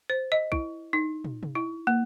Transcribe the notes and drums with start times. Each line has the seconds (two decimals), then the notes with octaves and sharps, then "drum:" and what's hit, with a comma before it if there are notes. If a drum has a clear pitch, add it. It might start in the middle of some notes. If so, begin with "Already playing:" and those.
0.10 C5
0.32 D#5
0.52 E4, drum: kick
0.93 D#4
1.24 drum: tom
1.43 drum: tom
1.55 E4
1.87 A#3